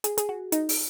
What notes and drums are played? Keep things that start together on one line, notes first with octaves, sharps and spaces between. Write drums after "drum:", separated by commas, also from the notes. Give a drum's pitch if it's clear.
G#4, drum: hi-hat
G#4, drum: hi-hat
F#4
D#4, drum: hi-hat
drum: open hi-hat